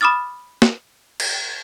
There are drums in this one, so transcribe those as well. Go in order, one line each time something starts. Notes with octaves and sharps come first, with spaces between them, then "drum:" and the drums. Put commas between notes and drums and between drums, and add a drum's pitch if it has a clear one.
B5 D6 D#6 F6 A6
drum: snare
drum: cymbal